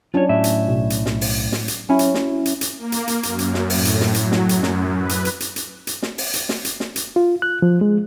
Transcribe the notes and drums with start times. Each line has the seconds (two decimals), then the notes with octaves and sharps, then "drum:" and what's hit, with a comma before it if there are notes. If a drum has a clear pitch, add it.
0.14 F#3 C#4 D4 F4 C#5
0.29 A2 E5
0.44 drum: hi-hat
0.68 B1
0.90 drum: hi-hat
1.06 drum: snare
1.21 drum: open hi-hat
1.52 drum: snare
1.68 drum: hi-hat
1.89 F#3 C#4 E4
1.99 drum: hi-hat
2.14 drum: snare
2.45 drum: hi-hat
2.61 drum: hi-hat
2.78 A#3
2.92 drum: hi-hat
3.08 drum: hi-hat
3.23 F#2, drum: hi-hat
3.39 drum: hi-hat
3.54 drum: snare
3.70 A2, drum: open hi-hat
3.85 drum: hi-hat
4.01 drum: snare
4.14 F#3, drum: hi-hat
4.32 drum: snare
4.49 F#2, drum: hi-hat
4.63 drum: snare
4.97 B4
5.09 drum: hi-hat
5.25 drum: hi-hat
5.40 drum: hi-hat
5.56 drum: hi-hat
5.87 drum: hi-hat
6.03 drum: snare
6.18 drum: open hi-hat
6.34 drum: hi-hat
6.49 drum: snare
6.65 drum: hi-hat
6.80 drum: snare
6.96 drum: hi-hat
7.16 F4
7.42 F#6
7.62 F3
7.81 G#3